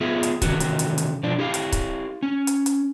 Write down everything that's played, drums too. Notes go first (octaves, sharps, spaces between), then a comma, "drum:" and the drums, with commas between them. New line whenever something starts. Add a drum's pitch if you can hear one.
B3 F4 G#4 E5
drum: hi-hat
C3 D#3 E3 C#4 F#4, drum: kick, hi-hat
drum: hi-hat
drum: hi-hat
drum: hi-hat
B2 F3 D4 D5
E4 G4 F5
drum: hi-hat
drum: kick, hi-hat
C#4
drum: hi-hat
drum: hi-hat